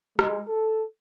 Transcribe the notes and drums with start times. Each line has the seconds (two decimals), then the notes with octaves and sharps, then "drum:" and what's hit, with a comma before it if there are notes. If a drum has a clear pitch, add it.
0.19 G#3, drum: rim click
0.48 A4